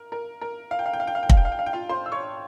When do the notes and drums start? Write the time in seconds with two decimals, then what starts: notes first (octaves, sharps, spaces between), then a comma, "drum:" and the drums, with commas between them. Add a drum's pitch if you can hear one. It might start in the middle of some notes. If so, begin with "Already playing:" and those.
Already playing: A#4
0.12 A#4
0.41 A#4
0.71 F5
0.79 G5
0.86 F5
0.93 G5
1.00 F5
1.07 G5
1.15 F5
1.23 G5
1.30 F5, drum: kick
1.37 G5
1.45 F5
1.52 G5
1.59 F5
1.66 G5
1.73 F4 F5
1.89 C5 C6
2.06 E6
2.12 C#5 C#6